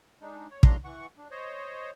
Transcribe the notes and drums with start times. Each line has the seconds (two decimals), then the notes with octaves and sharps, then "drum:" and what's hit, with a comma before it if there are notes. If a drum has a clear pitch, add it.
0.21 G#3 D4 D#4
0.51 C#5
0.63 D#2 A2 F#3 D4 A#5 C6, drum: kick
0.84 E3 F#5 C#6
1.18 D4
1.31 C5 C#5 D#5